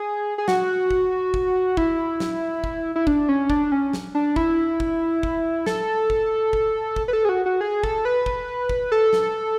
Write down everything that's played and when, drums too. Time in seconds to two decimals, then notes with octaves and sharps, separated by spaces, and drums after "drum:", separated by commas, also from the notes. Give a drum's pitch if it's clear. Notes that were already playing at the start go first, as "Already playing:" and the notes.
Already playing: G#4
0.38 G#4
0.48 F#4, drum: snare
0.91 drum: kick
1.34 drum: kick
1.77 E4, drum: kick
2.20 drum: snare
2.64 drum: kick
2.96 E4
3.07 D4, drum: kick
3.29 C#4
3.50 D4, drum: kick
3.72 C#4
3.93 drum: snare
4.15 D4
4.36 E4, drum: kick
4.80 drum: kick
5.23 drum: kick
5.66 A4, drum: snare
6.10 drum: kick
6.53 drum: kick
6.96 drum: kick
7.08 B4
7.13 A4
7.25 G#4
7.29 F#4
7.46 F#4
7.61 G#4
7.84 A4, drum: kick
8.05 B4
8.26 drum: kick
8.69 drum: kick
8.92 A4
9.13 drum: snare